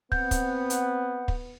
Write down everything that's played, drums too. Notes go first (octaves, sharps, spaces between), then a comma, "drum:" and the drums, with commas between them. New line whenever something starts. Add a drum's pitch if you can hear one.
B3 C4 F#5 G6, drum: kick
drum: kick, hi-hat
drum: hi-hat
drum: kick